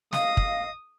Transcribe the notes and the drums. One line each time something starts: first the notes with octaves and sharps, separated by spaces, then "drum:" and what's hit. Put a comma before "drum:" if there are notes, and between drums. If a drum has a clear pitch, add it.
D#5 F5 D#6, drum: snare
drum: kick